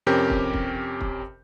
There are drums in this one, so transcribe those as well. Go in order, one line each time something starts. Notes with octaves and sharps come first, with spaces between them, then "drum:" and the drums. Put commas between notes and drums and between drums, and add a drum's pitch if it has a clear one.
F2 C3 C#4 G4 A#4 G6
drum: kick
drum: kick
drum: kick